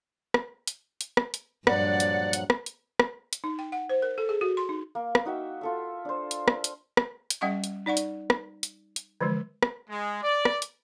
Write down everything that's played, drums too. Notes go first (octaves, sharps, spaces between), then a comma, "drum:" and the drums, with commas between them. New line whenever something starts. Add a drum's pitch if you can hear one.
drum: rim click
drum: hi-hat
drum: hi-hat
drum: rim click
drum: hi-hat
G2 A#2 F3 F#3 D5 F#5, drum: rim click
drum: hi-hat
drum: hi-hat
drum: rim click
drum: hi-hat
drum: rim click
drum: hi-hat
D#4
G5
F#5
C5
A#4
A4
G#4
F#4
C6
D#4
A#3
drum: rim click
D#4 F#4 E5 G5
F4 A4 E5
D4 C5
drum: hi-hat
drum: rim click
drum: hi-hat
drum: rim click
drum: hi-hat
G3 C#4 E5 F#5 G5 C#6
drum: hi-hat
D#4 D5 F#5 C#6
drum: hi-hat
drum: rim click
drum: hi-hat
drum: hi-hat
D3 E3 F3 G#3
drum: rim click
G#3
D5
drum: rim click
drum: hi-hat